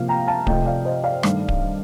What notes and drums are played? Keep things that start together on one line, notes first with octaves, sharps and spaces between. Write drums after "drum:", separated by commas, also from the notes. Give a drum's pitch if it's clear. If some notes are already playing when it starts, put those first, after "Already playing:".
Already playing: C3 F3 A#3 F5
G5 A#5
F5 A5
C3 F3 A3 D#5 G5, drum: kick D1
D5 F5
C5 D#5
D5 F5
G2 D#3 A3, drum: rim click
drum: kick D1